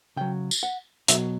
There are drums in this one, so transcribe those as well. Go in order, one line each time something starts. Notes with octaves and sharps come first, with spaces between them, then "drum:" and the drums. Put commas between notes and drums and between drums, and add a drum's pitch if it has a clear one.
C#3 F#3 G5
drum: tambourine
F#5
B2 F#3 E5, drum: hi-hat